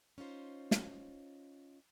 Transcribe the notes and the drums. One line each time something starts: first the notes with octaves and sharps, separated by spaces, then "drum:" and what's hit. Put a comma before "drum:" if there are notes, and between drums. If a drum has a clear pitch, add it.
C#4 D#4 F4 C5
drum: snare